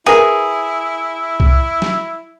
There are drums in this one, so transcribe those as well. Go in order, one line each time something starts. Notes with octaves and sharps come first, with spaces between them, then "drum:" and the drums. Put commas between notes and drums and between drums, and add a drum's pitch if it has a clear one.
E4 G#4 A#4 B4 E5
drum: kick C2
drum: snare